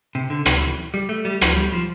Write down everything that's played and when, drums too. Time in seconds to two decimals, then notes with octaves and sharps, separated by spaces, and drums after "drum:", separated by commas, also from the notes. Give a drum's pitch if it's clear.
0.15 C3
0.30 D3
0.46 C3, drum: rim click
0.57 E3
0.94 G3
1.09 A3
1.25 G3
1.41 F3, drum: rim click
1.56 G3
1.72 F3